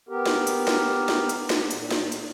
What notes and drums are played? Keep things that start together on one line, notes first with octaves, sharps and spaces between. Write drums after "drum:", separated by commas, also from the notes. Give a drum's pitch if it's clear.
B3 G4 A#4
drum: snare
drum: hi-hat
drum: snare
drum: snare
drum: hi-hat
drum: snare
A#2, drum: hi-hat
drum: snare
drum: hi-hat